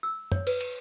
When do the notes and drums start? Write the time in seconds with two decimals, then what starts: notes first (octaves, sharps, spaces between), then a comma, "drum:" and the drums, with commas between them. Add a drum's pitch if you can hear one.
0.03 E6
0.32 C#5, drum: tom F#2
0.47 B4, drum: cymbal
0.61 drum: cymbal